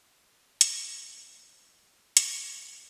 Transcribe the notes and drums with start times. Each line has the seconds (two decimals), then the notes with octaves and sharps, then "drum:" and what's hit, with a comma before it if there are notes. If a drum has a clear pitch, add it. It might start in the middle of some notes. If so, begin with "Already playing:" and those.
Already playing: A3 C4
0.61 drum: hi-hat
0.84 G3 B3
1.72 F3 A3
1.94 F3 A3
2.17 F3 A3, drum: hi-hat